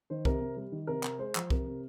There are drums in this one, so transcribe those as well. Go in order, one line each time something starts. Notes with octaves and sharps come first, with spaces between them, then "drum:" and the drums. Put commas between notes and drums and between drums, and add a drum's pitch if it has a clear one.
D#3 C5
C3 A#4, drum: kick C2
C3
G3
D#3
C3 A#4
C3, drum: clap
G#3 C5
F3, drum: clap
C3 A#4, drum: kick C2
C3